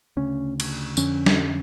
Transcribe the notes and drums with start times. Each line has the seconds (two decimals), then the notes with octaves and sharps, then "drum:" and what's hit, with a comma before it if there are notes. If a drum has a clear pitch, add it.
0.17 D2 C#3 C#4
0.60 drum: cymbal
0.97 F2 D3 C#4, drum: tambourine
1.26 drum: snare